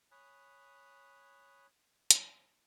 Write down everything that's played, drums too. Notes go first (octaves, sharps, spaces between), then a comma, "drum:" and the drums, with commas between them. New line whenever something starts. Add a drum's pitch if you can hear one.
C#5 G#5 B5 D#6 F#6
drum: hi-hat